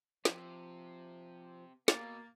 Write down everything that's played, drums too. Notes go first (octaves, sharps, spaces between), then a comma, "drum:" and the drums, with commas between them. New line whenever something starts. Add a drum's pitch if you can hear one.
C3 F3, drum: snare
B2 A#3 A6, drum: snare